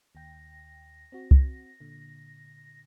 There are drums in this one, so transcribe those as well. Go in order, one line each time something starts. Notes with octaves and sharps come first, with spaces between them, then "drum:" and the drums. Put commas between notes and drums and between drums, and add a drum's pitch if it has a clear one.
D#2 G5 A#6
C4 F#4
drum: kick
A#2 D3